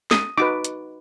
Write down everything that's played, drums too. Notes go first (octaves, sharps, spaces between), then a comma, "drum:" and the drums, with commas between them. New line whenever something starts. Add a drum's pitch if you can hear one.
D#6, drum: snare
D#4 F#4 B4 D6
drum: hi-hat